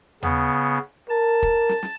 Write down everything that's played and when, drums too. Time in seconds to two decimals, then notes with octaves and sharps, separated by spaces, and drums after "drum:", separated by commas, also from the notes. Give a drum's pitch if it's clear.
0.23 C#3 B3, drum: tom D#2
1.09 A#4 A5
1.43 drum: kick
1.69 drum: snare
1.83 drum: snare